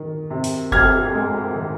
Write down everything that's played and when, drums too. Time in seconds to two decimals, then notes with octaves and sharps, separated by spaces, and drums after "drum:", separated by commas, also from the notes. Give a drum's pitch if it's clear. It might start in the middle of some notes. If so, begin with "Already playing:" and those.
Already playing: D#3
0.30 C3
0.44 drum: open hi-hat
0.72 C3 F6 G#6, drum: kick F#1
1.14 G#3
1.56 D#3